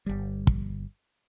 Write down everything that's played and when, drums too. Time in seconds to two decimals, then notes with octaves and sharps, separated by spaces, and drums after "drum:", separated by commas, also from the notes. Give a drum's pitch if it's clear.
0.06 G1 G3
0.47 drum: kick